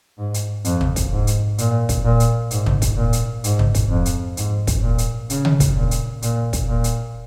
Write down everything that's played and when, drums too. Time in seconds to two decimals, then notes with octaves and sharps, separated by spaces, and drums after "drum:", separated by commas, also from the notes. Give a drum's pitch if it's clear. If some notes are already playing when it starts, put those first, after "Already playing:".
0.18 G#2
0.34 drum: hi-hat
0.65 F2, drum: hi-hat
0.81 drum: tom
0.96 drum: kick, hi-hat
1.12 G#2
1.27 drum: hi-hat
1.58 A#2, drum: hi-hat
1.89 drum: kick, hi-hat
2.05 A#2
2.20 drum: hi-hat
2.51 G#2, drum: hi-hat
2.66 drum: tom
2.82 drum: kick, hi-hat
2.97 A#2
3.13 drum: hi-hat
3.44 G#2, drum: hi-hat
3.59 drum: tom
3.75 drum: kick, hi-hat
3.90 F2
4.06 drum: hi-hat
4.37 G#2, drum: hi-hat
4.67 drum: kick, hi-hat
4.83 A#2
4.98 drum: hi-hat
5.30 C#3, drum: hi-hat
5.45 drum: tom
5.60 drum: kick, hi-hat
5.76 A#2
5.91 drum: hi-hat
6.22 A#2, drum: hi-hat
6.53 drum: kick, hi-hat
6.69 A#2
6.84 drum: hi-hat